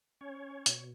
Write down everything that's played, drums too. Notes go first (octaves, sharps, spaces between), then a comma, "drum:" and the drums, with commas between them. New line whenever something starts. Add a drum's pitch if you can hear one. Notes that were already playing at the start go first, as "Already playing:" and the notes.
C#4 C#5
B2, drum: hi-hat